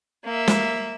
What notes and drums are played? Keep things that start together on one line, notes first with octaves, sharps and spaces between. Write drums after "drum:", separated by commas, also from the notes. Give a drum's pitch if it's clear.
A#3 E5
drum: snare